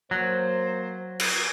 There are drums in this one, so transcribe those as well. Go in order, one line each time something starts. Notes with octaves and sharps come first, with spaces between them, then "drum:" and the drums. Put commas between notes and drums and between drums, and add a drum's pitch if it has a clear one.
F#3 A#3 C5
drum: cymbal